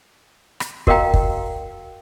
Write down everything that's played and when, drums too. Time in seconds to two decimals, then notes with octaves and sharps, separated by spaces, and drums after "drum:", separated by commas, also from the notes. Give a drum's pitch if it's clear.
0.60 drum: rim click
0.87 F#4 A#4 D#5 F5 G5 A#5, drum: kick
1.14 drum: kick